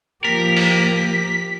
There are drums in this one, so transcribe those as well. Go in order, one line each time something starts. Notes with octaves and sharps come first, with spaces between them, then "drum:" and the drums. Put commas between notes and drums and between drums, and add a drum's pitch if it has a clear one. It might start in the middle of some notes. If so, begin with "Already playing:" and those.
F3 A#3 G4 A#4 B6
drum: open hi-hat